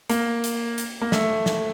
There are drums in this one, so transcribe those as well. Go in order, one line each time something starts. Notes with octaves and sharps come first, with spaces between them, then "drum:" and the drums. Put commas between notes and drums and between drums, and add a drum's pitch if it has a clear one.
A#3, drum: hi-hat
drum: hi-hat
drum: hi-hat
A#3
A3, drum: snare
drum: snare